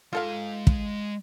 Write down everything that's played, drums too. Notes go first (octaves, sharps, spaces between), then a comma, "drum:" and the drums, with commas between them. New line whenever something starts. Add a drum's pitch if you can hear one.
G#3 F4 A4 F5 A#5
drum: kick